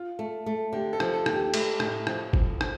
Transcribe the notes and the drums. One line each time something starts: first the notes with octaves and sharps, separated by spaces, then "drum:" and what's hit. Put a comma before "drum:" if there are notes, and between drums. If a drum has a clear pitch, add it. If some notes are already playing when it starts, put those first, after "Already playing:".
Already playing: F4
A3
A3
D3 G4
A4
F3, drum: rim click
A4
D#2, drum: rim click
G4
A3, drum: cymbal
A2, drum: rim click
F3, drum: rim click
F3, drum: kick
F3, drum: rim click